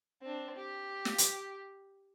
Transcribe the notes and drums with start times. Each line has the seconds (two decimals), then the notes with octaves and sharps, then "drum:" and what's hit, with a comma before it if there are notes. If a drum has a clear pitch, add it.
0.22 C4 D4
0.56 G4
1.05 drum: snare
1.18 drum: hi-hat